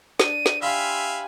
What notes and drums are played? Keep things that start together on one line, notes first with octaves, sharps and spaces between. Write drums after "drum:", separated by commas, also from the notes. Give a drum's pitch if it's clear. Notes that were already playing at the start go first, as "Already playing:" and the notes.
D4 D#7, drum: snare
drum: snare
F4 G4 E5 F5 G#5 B5 C6